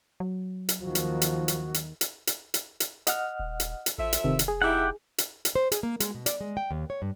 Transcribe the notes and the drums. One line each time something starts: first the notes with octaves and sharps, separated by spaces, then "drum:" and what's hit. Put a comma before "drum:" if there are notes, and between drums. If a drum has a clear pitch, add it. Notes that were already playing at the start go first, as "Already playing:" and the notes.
F#3
drum: hi-hat
D#2 D#3 F3 F#4
drum: hi-hat
drum: hi-hat
drum: hi-hat
drum: hi-hat
drum: hi-hat
drum: hi-hat
drum: hi-hat
drum: hi-hat
D#5 F#5 F6, drum: hi-hat
D#1
drum: hi-hat
drum: hi-hat
A1 F3 A4 E5
drum: hi-hat
F1 C3 D#3
drum: hi-hat
G#4
G3 D#4 E4 G4 F#5
drum: hi-hat
drum: hi-hat
C5
G#4, drum: hi-hat
A#3
G#3, drum: hi-hat
B2
D5, drum: hi-hat
G#3
G5
D#2
C#5
G2